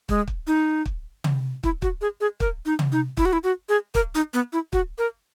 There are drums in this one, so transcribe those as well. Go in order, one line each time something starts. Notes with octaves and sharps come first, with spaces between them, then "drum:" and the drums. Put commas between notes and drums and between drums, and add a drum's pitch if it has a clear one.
G#3, drum: kick
drum: kick
D#4
drum: kick
drum: tom
E4, drum: kick
F#4, drum: kick
G#4
G#4
A#4, drum: kick
D#4
drum: tom
D#4
E4, drum: kick
F#4
E4
F#4
G#4
A#4, drum: kick
D#4
B3
E4
F#4, drum: kick
A#4